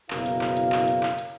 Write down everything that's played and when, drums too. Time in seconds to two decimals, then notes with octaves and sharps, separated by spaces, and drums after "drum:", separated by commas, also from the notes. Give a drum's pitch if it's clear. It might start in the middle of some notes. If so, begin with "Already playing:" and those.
0.11 F#1 B2 E4 A#4 C#5 F5, drum: clap
0.26 drum: hi-hat
0.41 drum: clap
0.57 drum: hi-hat
0.72 drum: clap
0.88 drum: hi-hat
1.03 drum: clap
1.19 drum: hi-hat